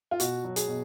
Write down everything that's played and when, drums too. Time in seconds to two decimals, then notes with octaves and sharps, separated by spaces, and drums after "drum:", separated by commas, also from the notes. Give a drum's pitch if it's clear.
0.11 F4
0.20 B2 F#4, drum: hi-hat
0.44 F#3
0.56 G#4, drum: hi-hat
0.68 B2